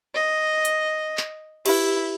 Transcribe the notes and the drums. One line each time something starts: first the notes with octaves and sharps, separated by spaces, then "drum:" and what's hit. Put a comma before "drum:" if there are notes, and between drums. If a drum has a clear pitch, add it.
D#5
drum: hi-hat
drum: clap
E4 G4 B4, drum: cymbal